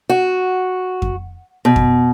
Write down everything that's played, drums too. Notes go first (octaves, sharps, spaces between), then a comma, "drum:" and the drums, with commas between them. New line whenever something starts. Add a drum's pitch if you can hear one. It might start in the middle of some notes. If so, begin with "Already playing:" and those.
F#4
drum: kick F2
B2
drum: kick F2